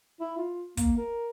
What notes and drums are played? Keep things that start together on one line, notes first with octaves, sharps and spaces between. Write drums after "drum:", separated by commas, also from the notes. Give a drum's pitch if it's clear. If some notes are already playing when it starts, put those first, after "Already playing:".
E4
F4
A#3, drum: kick, hi-hat
A#4